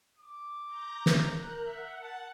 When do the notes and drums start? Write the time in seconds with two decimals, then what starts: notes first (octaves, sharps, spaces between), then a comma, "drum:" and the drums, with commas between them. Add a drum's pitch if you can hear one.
0.18 D6
0.65 A#5 G6 A#6
1.06 drum: snare
1.24 A#4 F#6
1.66 E5 F#5
2.02 A5